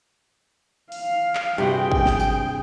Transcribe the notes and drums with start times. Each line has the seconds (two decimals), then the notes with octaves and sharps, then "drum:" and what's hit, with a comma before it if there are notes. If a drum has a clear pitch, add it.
0.92 F5, drum: open hi-hat
1.35 drum: clap
1.58 G2 C3 F#4 G#4 G5
1.92 drum: kick
2.06 drum: snare
2.20 drum: tambourine